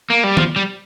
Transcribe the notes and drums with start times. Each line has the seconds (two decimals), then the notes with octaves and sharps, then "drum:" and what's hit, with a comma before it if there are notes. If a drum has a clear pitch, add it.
0.10 A#3
0.24 G3
0.37 F3, drum: tom D#3
0.56 G3